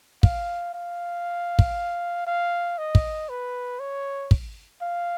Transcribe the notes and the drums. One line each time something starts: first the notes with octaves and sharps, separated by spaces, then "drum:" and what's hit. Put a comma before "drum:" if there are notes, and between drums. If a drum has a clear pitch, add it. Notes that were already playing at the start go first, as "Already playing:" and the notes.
F5, drum: kick
F5
drum: kick
F5
D#5
drum: kick
B4
C#5
drum: kick
F5